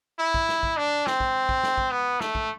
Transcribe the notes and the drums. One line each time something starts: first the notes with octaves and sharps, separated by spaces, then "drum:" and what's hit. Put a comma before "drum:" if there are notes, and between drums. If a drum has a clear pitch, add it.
E4
drum: kick
drum: snare
drum: kick
D4
C4, drum: snare
drum: kick
drum: kick
drum: snare
drum: kick
B3
A3, drum: snare
drum: kick